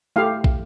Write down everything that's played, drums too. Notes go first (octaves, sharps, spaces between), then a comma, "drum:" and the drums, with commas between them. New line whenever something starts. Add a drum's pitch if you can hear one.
A3 E4 G4 F5
drum: kick